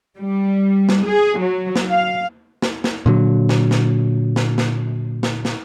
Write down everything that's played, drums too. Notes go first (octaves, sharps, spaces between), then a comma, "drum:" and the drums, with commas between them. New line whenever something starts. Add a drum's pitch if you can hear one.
G3
drum: snare
G#4
F#3
drum: snare
F5
drum: snare
drum: snare
A#2 D3 F#3
drum: snare
drum: snare
drum: snare
drum: snare
drum: snare
drum: snare